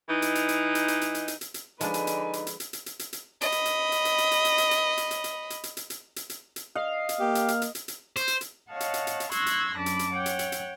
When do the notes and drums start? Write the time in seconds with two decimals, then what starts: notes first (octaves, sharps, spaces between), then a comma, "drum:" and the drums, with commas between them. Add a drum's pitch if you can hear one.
0.07 E3 D#4
0.22 drum: hi-hat
0.35 drum: hi-hat
0.49 drum: hi-hat
0.75 drum: hi-hat
0.88 drum: hi-hat
1.01 drum: hi-hat
1.15 drum: hi-hat
1.28 drum: hi-hat
1.41 drum: hi-hat
1.54 drum: hi-hat
1.81 D3 F3 G#3 D4 D#4 B4 G#5, drum: hi-hat
1.94 drum: hi-hat
2.07 drum: hi-hat
2.33 drum: hi-hat
2.47 drum: hi-hat
2.60 drum: hi-hat
2.73 drum: hi-hat
2.86 drum: hi-hat
2.99 drum: hi-hat
3.13 drum: hi-hat
3.41 D#5 B5, drum: hi-hat
3.52 drum: hi-hat
3.65 drum: hi-hat
3.92 drum: hi-hat
4.05 drum: hi-hat
4.18 drum: hi-hat
4.31 drum: hi-hat
4.45 drum: hi-hat
4.58 drum: hi-hat
4.71 drum: hi-hat
4.98 drum: hi-hat
5.11 drum: hi-hat
5.24 drum: hi-hat
5.50 drum: hi-hat
5.64 drum: hi-hat
5.77 drum: hi-hat
5.90 drum: hi-hat
6.16 drum: hi-hat
6.30 drum: hi-hat
6.56 drum: hi-hat
6.75 D#5 F5
7.09 drum: hi-hat
7.19 A#3 G4
7.35 drum: hi-hat
7.48 drum: hi-hat
7.62 drum: hi-hat
7.75 drum: hi-hat
7.88 drum: hi-hat
8.16 C5, drum: hi-hat
8.28 drum: hi-hat
8.41 drum: hi-hat
8.71 C#5 D#5 F5 F#5 A5
8.80 drum: hi-hat
8.94 drum: hi-hat
9.07 drum: hi-hat
9.20 drum: hi-hat
9.31 C6 C#6 E6 F#6 G#6 A#6, drum: hi-hat
9.46 drum: hi-hat
9.76 F#2 D4 A5 B5 D6
9.86 drum: hi-hat
9.99 drum: hi-hat
10.13 C#5 F#5 G5
10.26 drum: hi-hat
10.39 drum: hi-hat
10.52 drum: hi-hat